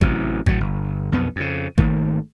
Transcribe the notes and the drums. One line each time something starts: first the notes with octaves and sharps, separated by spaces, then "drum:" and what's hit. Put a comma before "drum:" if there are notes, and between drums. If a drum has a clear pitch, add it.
A1 C3 E3 F#3, drum: kick G#1
A2 F#3, drum: kick G#1
G1
B1 F2 B2 B3
F2 C#3
G#1 D#3 A3 A#3, drum: kick G#1